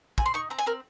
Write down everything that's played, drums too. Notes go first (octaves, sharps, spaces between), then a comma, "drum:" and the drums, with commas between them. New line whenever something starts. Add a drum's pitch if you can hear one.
C4 G#5, drum: kick
C6
D#4 C#6
C4 A#5
G#5
C4 A#4